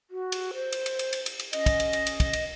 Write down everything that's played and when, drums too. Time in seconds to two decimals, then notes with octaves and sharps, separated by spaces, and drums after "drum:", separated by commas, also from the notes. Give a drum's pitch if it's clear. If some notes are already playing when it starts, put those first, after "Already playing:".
0.10 F#4
0.32 drum: cymbal
0.54 C5
0.72 drum: cymbal
0.86 drum: cymbal
0.99 drum: cymbal
1.13 drum: cymbal
1.26 drum: cymbal
1.40 drum: cymbal
1.53 C#4 D#5, drum: cymbal
1.66 drum: kick, cymbal
1.80 drum: cymbal
1.93 drum: cymbal
2.07 drum: cymbal
2.20 drum: kick, cymbal
2.33 drum: cymbal